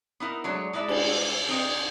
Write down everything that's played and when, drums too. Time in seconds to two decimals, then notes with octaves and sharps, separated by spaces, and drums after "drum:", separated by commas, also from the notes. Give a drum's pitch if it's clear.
0.20 B3 D#4 E4 A#4
0.44 F#3 G#3 A3 D4 C#5
0.73 G#3 D#4 E4 D5 E5
0.88 drum: cymbal
1.47 D3 C4 D#4